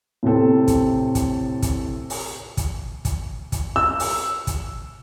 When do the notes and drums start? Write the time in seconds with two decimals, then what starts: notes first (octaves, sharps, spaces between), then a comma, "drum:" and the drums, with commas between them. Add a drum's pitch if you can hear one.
0.23 A2 C3 C4 A4
0.67 drum: kick, hi-hat
1.15 drum: kick, hi-hat
1.62 drum: kick, hi-hat
2.10 drum: open hi-hat
2.57 drum: kick, hi-hat
3.05 drum: kick, hi-hat
3.52 drum: kick, hi-hat
3.76 E6
4.00 drum: open hi-hat
4.47 drum: kick, hi-hat